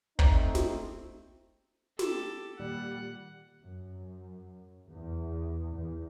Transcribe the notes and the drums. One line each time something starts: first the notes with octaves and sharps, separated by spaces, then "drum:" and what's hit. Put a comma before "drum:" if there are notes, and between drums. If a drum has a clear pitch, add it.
A3 C4 D#4 C5 D5 A#5, drum: kick
drum: snare
G4 A4, drum: snare
A#2 D#3 G3 A#3 F#5
F#2
E2
E2